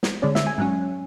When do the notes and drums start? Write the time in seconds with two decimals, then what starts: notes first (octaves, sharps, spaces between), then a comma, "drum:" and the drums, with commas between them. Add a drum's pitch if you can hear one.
0.03 drum: snare
0.22 D3 G#3 C#4 D5
0.35 E5, drum: snare
0.47 G#5
0.58 G#2 F#3 C#4